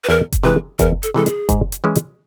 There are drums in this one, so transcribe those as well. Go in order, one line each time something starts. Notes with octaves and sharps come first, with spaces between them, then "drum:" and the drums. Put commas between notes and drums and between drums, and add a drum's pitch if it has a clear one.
B4
E2 A#4
drum: kick F#1, hi-hat
C3 E3 G#3 B4
E2 A#4, drum: kick F#1, hi-hat
A4, drum: hi-hat
C3 E3 G#3 A4
G#4, drum: hi-hat
G#2, drum: kick F#1, hi-hat
drum: hi-hat
E3 G#3 C#4 E4
drum: hi-hat